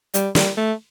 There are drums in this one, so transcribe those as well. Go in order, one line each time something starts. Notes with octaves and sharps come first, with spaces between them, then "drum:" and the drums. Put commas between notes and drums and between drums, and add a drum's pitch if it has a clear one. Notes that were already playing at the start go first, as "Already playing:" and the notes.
G3, drum: hi-hat
G3, drum: snare
A3